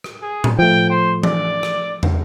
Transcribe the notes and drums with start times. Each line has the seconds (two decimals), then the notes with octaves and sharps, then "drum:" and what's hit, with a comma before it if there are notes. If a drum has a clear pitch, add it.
0.04 drum: rim click
0.22 G#4
0.44 drum: tom A2
0.59 F3 A3 G5
0.90 C5
1.23 D5, drum: tom E3
1.63 drum: rim click
2.03 drum: tom